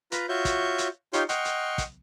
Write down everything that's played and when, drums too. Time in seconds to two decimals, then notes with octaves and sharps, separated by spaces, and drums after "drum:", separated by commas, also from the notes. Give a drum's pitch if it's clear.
0.12 F4 B4 A#5, drum: hi-hat
0.29 F4 F#4 C#5 E5 C#6 G6
0.45 drum: kick, hi-hat
0.78 drum: hi-hat
1.13 D#4 F4 G4 C#5 C6, drum: hi-hat
1.29 D#5 F#5 G5 C6 C#6 F6, drum: hi-hat
1.45 drum: hi-hat
1.78 drum: kick, hi-hat